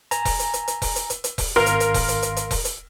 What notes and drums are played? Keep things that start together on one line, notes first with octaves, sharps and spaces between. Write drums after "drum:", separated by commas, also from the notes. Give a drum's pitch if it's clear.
G#5 A#5, drum: hi-hat
drum: kick E1, open hi-hat
drum: hi-hat
drum: hi-hat
drum: hi-hat
drum: kick E1, open hi-hat
drum: hi-hat
drum: hi-hat
drum: hi-hat
drum: kick E1, open hi-hat
G#1 A#4 F5 C6 F6
drum: hi-hat
drum: hi-hat
drum: kick E1, open hi-hat
drum: hi-hat
drum: hi-hat
drum: hi-hat
drum: kick E1, open hi-hat
drum: hi-hat